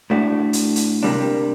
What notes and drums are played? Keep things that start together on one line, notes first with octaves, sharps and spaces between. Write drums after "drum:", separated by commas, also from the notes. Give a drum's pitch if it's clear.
A2 A3 D4 F#4
drum: hi-hat
drum: hi-hat
C3 G3 A#3 D4